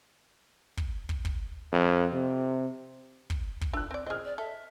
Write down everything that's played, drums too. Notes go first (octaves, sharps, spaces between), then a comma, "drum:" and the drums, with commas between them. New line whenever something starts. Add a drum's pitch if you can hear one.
drum: kick
drum: kick
drum: kick
F2
C3
drum: kick
drum: kick
D4 E6 F#6
C4 D5
C4 G#4 D#5 F6
D5
A4 E5